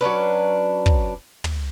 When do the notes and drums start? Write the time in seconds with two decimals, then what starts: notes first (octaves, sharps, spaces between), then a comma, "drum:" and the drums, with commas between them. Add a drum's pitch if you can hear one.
0.01 F#3 C#4 D4 B4
0.86 drum: kick
1.44 drum: tom